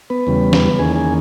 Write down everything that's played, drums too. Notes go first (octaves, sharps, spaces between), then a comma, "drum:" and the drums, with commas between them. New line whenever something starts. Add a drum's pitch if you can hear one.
B3 B4
E2 C#3 G3
drum: snare
E2 D#3 A#3 C#4 G#4 G#5
G#4 G#5